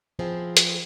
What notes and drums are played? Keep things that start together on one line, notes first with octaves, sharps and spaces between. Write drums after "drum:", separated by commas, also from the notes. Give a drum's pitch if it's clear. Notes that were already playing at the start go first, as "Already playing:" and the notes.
F3 C4 E4 G#4
drum: hi-hat